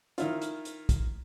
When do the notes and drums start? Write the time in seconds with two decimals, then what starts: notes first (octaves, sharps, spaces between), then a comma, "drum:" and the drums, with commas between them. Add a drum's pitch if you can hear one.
0.18 D#3 E4 F4, drum: hi-hat
0.42 drum: hi-hat
0.65 drum: hi-hat
0.89 drum: kick, hi-hat